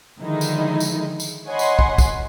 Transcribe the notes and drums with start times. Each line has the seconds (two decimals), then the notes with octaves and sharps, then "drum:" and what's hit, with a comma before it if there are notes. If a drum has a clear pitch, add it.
0.21 D3 D#3 F3 G#3 D#4 E4
0.41 drum: tambourine
0.80 drum: tambourine
1.20 drum: tambourine
1.47 C#5 D#5 F#5 G#5 B5 C6
1.59 drum: tambourine
1.79 drum: kick
1.98 drum: kick, tambourine